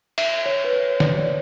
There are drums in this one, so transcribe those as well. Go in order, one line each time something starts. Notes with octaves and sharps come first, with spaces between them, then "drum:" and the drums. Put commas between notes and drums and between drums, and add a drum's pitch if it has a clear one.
E5, drum: cymbal
C#5
B4
C#5
D5, drum: snare
C#5